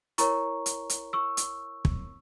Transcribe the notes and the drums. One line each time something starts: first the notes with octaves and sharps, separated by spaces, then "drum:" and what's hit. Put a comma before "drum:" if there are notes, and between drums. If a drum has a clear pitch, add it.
E4 A#4 C#5 A#5 C#6, drum: hi-hat
drum: hi-hat
drum: hi-hat
C#6 E6
drum: hi-hat
drum: kick